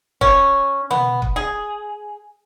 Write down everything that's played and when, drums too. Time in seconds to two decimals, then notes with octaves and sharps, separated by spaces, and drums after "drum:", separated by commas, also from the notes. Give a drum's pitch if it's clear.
0.21 C#4, drum: kick
0.91 B3, drum: tom
1.22 drum: kick
1.36 G#4